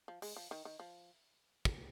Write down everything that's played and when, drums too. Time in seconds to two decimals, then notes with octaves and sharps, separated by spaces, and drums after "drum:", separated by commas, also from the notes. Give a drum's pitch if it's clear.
0.08 F3
0.22 G#3, drum: open hi-hat
0.37 F3
0.51 D#3
0.65 D#3
0.80 F3
1.65 drum: kick